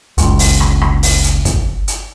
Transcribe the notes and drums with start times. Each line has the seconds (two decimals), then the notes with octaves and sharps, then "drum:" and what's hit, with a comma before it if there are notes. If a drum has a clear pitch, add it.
0.18 F#1 C#2, drum: hi-hat
0.39 drum: open hi-hat
0.60 drum: rim click
0.81 drum: rim click
1.03 drum: open hi-hat
1.24 drum: hi-hat
1.45 drum: kick, hi-hat
1.88 drum: hi-hat